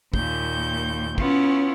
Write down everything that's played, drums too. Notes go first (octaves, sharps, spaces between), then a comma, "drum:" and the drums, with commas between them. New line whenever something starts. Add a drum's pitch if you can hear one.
D#2 A#2 G6, drum: kick
B3 C#4 E4 F4 C#5, drum: kick